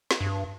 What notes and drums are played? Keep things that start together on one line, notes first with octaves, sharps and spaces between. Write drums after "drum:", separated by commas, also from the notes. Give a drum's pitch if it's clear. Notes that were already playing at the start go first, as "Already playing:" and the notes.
drum: snare
G2